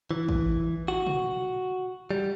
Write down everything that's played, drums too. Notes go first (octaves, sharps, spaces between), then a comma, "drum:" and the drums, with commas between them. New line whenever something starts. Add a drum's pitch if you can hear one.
E3
drum: kick A1
F#4
drum: tom
G3